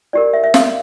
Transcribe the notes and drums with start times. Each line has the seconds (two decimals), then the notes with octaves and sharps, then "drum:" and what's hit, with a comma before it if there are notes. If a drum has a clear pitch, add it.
0.13 E4 G4 A#4 D5
0.33 E5
0.44 E5
0.54 F5, drum: snare